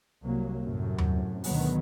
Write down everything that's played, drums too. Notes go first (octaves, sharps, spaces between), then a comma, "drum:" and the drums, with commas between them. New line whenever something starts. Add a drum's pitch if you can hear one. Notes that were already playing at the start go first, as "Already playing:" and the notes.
C2 F#3 A#3
F#2 A2 C3
drum: tom D#2
D2 B2 D#3 F#3 B3, drum: open hi-hat